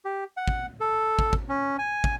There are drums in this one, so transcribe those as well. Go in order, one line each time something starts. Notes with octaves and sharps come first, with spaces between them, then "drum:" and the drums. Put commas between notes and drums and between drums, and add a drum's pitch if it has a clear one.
G4
F#5
drum: kick
A4
drum: kick
drum: kick
C#4
G#5
drum: kick